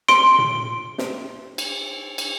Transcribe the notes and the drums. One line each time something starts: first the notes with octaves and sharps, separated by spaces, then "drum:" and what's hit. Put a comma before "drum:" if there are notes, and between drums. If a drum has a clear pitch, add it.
C6 D7, drum: snare
drum: tom A#2
drum: snare
drum: cymbal
drum: cymbal